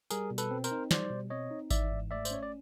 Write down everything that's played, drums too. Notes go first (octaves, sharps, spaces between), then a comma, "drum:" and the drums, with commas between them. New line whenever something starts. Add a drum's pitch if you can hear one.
G3 G#4 A#4, drum: tambourine
B2
A4 B4, drum: tambourine
C4
A#4 C5, drum: tambourine
D#4
G3 C5 D5, drum: snare
B2
C4 C#5 D#5
D#4
E3 D5 E5, drum: kick G#1, tambourine
G#2
A3 D5 E5
C5, drum: tambourine
C#4 C#5
D5